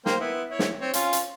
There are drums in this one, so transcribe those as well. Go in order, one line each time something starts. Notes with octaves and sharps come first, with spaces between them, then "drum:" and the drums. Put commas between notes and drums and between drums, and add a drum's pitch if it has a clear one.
A#3 C5 G5, drum: snare
B3 E4
E4 C#5
drum: snare
C4 C#5
C#4 F4, drum: hi-hat
drum: hi-hat